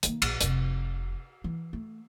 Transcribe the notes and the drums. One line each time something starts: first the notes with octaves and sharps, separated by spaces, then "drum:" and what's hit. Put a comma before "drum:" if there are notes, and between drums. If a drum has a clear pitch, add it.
D#3 A#3, drum: hi-hat
A#1, drum: cymbal
F1 C3, drum: hi-hat
E3
A3